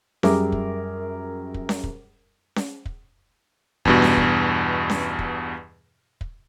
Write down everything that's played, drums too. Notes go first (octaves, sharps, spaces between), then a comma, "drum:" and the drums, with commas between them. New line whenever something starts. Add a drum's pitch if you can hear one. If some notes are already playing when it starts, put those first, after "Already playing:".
F#2 G3 G#4 A#4 E5 D6, drum: snare C#4
drum: kick
drum: kick
drum: snare C#4
drum: kick
drum: snare C#4
drum: kick
E2 G2 B2, drum: kick
drum: snare C#4
drum: kick
drum: snare C#4
drum: kick
drum: kick